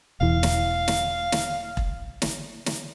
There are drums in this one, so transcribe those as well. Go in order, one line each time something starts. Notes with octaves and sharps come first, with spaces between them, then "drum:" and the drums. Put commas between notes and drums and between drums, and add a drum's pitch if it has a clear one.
E1 E2 E3 F5
drum: snare
drum: snare
drum: snare
drum: kick E1
drum: snare
drum: snare